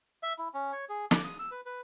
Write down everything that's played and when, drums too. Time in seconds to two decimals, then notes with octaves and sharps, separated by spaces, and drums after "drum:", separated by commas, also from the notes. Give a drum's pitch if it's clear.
0.23 E5
0.39 E4
0.54 C#4
0.72 C#5
0.89 G#4
1.11 D6, drum: snare
1.25 D#6
1.39 E6
1.51 B4
1.66 B4